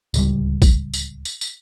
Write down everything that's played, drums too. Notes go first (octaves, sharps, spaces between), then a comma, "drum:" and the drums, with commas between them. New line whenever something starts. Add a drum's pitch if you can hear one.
D1 C#2 G3, drum: tambourine
drum: kick A#1, tambourine
drum: tambourine
drum: tambourine
drum: tambourine